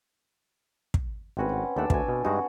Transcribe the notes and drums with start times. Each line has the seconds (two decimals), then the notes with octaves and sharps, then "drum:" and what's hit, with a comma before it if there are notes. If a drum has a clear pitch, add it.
0.94 drum: kick
1.37 G#1 A2 C4 C#4 F#4 B4
1.49 F#5
1.76 D#2 A3 D4 F#5 E6
1.90 D2 F#4 G#5, drum: kick
2.08 B2
2.25 G2 G#3 D#4 F#4 F#5